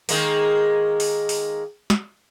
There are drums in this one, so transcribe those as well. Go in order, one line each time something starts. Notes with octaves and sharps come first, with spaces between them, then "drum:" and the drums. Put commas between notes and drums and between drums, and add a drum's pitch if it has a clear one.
D#3 G#3 A#3, drum: open hi-hat
drum: open hi-hat
drum: open hi-hat
drum: snare